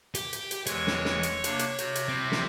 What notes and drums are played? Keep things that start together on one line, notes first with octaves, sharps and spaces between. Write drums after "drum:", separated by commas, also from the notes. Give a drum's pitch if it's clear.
G4, drum: hi-hat
drum: hi-hat
drum: hi-hat
E2 E3 G#3 C#5, drum: hi-hat
drum: snare
drum: snare
drum: hi-hat
C3 A#3 D4, drum: hi-hat
drum: hi-hat
C3 F#4 G6, drum: hi-hat
drum: hi-hat
C4 E4
drum: snare